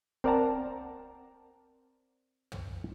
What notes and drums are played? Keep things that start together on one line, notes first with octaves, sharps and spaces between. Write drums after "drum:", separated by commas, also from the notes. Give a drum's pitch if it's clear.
C4 A#4 D5 F#5 A5 A#5, drum: kick C2
drum: tom